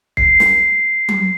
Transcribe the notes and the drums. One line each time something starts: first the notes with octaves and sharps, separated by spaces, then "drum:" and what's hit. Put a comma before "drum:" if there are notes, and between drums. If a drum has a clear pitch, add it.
C7, drum: kick
drum: snare
drum: tom F#3